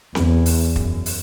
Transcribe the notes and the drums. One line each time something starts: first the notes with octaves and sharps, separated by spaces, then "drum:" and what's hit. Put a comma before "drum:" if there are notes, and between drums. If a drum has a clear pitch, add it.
E2, drum: snare C4
drum: open hi-hat
F#2, drum: kick
drum: open hi-hat